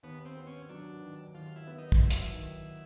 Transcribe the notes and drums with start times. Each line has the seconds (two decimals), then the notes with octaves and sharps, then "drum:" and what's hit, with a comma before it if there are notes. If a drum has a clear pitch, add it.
0.03 D#2 B3
0.25 C4
0.37 B3
0.47 C#4
0.69 F#3 D4
1.02 D#3
1.34 D#2 F4
1.56 E4
1.67 B3
1.78 D#4
1.92 D#4, drum: kick
2.00 F#3 E4
2.10 drum: hi-hat
2.32 D#3